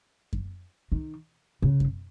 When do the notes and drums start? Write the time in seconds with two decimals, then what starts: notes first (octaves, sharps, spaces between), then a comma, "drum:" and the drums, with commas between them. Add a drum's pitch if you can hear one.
0.33 drum: kick F#2
0.92 D#3
1.62 C#3
1.80 drum: kick F#2